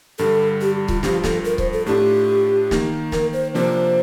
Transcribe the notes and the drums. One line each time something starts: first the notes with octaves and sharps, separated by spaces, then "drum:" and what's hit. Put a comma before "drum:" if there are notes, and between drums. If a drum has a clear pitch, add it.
G2 D3 G3 A4
G4
F4, drum: kick C#1
G2 F3 C4 F4 G4, drum: snare
A4, drum: snare
A#4
C5, drum: kick C#1
A4
A2 A3 D4 F4 G4
D#3 A#3 D#4, drum: snare
A#4, drum: snare
C5
C3 F3 A#3 D4 C5